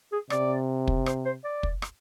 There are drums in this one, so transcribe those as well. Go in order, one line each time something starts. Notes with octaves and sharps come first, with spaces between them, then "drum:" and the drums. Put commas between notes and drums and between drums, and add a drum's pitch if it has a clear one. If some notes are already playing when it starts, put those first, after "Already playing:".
G#4
C3 D5, drum: rim click
drum: kick
C5, drum: rim click
C5
D5
drum: kick
drum: rim click